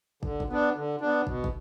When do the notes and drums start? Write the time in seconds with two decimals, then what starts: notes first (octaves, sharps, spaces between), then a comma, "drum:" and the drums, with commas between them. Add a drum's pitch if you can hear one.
0.23 D3, drum: kick
0.40 drum: kick
0.49 B3 D4
0.75 D3
1.01 B3 D4
1.27 B2, drum: kick
1.44 drum: kick